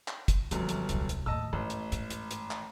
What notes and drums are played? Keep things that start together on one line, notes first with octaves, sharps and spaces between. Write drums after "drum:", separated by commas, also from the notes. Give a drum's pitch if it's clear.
drum: clap
drum: kick, hi-hat
G1 F#2 F3 C4, drum: hi-hat
drum: hi-hat
D#1 C2, drum: hi-hat
drum: hi-hat
D#2 A2 D#5 A5 E6
A1 G#2
drum: hi-hat
G#2, drum: hi-hat
drum: hi-hat
drum: hi-hat
drum: clap